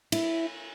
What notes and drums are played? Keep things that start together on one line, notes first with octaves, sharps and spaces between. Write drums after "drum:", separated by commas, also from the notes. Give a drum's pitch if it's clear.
E4, drum: cymbal